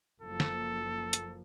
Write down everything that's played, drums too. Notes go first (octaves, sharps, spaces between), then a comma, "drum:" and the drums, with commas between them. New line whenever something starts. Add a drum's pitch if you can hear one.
F#1 F3 A#3 A4
drum: snare
drum: hi-hat